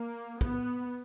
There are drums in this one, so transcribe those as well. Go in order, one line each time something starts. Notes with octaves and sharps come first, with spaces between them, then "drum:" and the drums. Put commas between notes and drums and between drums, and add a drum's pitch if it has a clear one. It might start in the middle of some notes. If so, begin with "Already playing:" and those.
Already playing: A#3
B3, drum: kick